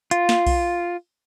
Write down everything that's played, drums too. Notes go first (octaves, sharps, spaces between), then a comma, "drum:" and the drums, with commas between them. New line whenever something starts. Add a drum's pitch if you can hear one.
F4, drum: hi-hat
drum: snare
drum: kick B1, open hi-hat